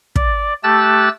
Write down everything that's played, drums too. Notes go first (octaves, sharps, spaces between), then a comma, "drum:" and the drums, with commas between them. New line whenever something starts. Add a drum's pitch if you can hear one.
D5, drum: kick
A3 G4 A5 E6 F#6 A6